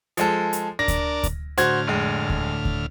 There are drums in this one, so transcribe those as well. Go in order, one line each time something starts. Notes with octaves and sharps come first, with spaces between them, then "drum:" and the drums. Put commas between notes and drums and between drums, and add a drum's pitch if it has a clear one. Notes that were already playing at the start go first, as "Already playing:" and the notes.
F3 G#3 A4, drum: hi-hat
drum: hi-hat
D4 A#4 D5 A#6
drum: kick D2, hi-hat
drum: kick D2, hi-hat
A2 D3 F#4 C5 F6 G#6, drum: hi-hat
F1 G#3
drum: kick D2
drum: kick D2